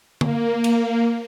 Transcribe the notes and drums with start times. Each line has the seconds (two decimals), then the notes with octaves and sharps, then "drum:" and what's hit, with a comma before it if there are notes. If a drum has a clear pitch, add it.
0.21 A#3, drum: tom D3
0.64 drum: cymbal